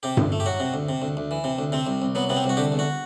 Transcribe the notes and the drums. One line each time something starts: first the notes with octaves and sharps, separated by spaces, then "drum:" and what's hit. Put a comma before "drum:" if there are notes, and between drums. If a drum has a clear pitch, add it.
C3 G4
D2, drum: tom G2
A3
G4
F#3 F#4
C3
D2
C3
D2
D2
E3
C3
D2
C3 C4
C2
C2
F#3 B3
C3 B3
C4
C2
F#4
D3 G4
E2
F#4